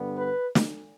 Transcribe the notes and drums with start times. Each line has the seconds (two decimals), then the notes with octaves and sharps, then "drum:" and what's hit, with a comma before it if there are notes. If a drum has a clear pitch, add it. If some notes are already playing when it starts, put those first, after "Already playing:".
Already playing: G2 D3 G3 B3
0.17 B4
0.55 drum: snare